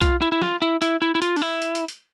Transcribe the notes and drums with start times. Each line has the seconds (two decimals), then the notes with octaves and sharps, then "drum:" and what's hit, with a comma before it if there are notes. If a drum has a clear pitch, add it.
0.01 F4, drum: kick B1, hi-hat
0.22 E4
0.32 E4
0.42 F4, drum: snare
0.62 E4
0.82 E4, drum: hi-hat
1.02 E4
1.15 E4
1.22 F4, drum: hi-hat
1.36 D4, drum: open hi-hat
1.42 E4
1.62 drum: hi-hat
1.75 drum: hi-hat
1.88 drum: hi-hat